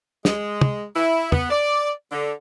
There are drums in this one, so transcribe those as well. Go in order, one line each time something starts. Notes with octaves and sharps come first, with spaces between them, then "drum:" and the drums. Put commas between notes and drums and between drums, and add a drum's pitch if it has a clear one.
G#3, drum: snare
drum: tom
E4
B3, drum: tom
D5
D3